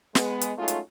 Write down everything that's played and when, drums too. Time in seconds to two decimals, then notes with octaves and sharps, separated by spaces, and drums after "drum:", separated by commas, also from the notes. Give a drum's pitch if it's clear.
0.15 G#3 B3, drum: snare
0.41 drum: hi-hat
0.58 F#3 G#3 A3 C#4 D#4 F4
0.68 drum: hi-hat